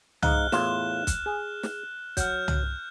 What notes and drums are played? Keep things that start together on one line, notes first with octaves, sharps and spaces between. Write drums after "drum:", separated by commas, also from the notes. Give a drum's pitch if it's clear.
G#2 D#4 F5 F6 F#6 G7, drum: tom
E2 A2 F4 E7, drum: snare
drum: kick, hi-hat
G#4
drum: snare
F#3 F6 G6, drum: kick, hi-hat
drum: tom